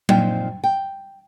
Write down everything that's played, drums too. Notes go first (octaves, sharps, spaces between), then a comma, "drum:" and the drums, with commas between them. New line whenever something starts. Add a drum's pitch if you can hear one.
A#2 F3 C4 D#4 G5, drum: tom F#3
G5